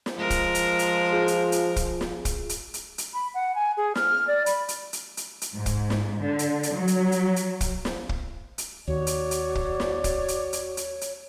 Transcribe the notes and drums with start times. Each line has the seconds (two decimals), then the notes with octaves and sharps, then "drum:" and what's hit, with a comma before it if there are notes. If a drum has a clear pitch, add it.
0.06 drum: snare
0.17 F3 G#3 A#4
0.30 drum: kick, hi-hat
0.55 drum: hi-hat
0.79 drum: hi-hat
1.12 F4 G#4
1.28 drum: hi-hat
1.52 drum: hi-hat
1.76 drum: kick, hi-hat
2.01 drum: snare
2.25 drum: kick, hi-hat
2.49 drum: hi-hat
2.74 drum: hi-hat
2.98 drum: hi-hat
3.14 B5
3.34 F#5
3.55 G#5
3.77 G#4
3.95 F6, drum: snare
4.28 D5
4.46 B5, drum: hi-hat
4.68 drum: hi-hat
4.93 drum: hi-hat
5.17 drum: hi-hat
5.42 drum: hi-hat
5.55 G#2
5.66 drum: kick, hi-hat
5.90 drum: snare
6.21 D3
6.39 drum: hi-hat
6.63 drum: hi-hat
6.75 F#3
6.88 drum: hi-hat
7.12 drum: hi-hat
7.36 drum: hi-hat
7.61 drum: kick, hi-hat
7.85 drum: snare
8.09 drum: kick
8.58 drum: hi-hat
8.88 D#2 F#4 C#5 D5
9.07 drum: hi-hat
9.31 drum: hi-hat
9.55 drum: kick
9.80 drum: snare
10.04 drum: kick, hi-hat
10.28 drum: hi-hat
10.53 drum: hi-hat
10.77 drum: hi-hat
11.01 drum: hi-hat